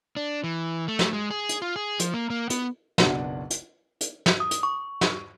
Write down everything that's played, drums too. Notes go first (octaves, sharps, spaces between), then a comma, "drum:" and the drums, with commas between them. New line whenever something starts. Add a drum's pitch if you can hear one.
D4
E3
A3
drum: snare
G#3
G#4
drum: hi-hat
F4
G#4
F3, drum: hi-hat
A#3
A#3
B3, drum: hi-hat
F#1 B1 B3 D4 F#5 F#7, drum: snare
drum: hi-hat
drum: hi-hat
drum: snare
D#6
drum: hi-hat
C#6
drum: snare